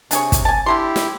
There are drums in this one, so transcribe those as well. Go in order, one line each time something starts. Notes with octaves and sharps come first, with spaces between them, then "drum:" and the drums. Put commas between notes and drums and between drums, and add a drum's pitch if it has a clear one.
C3 D4 G#4 C#5, drum: hi-hat
drum: kick, hi-hat
G#5 A5
D3 A3 E4 G4 C6
drum: snare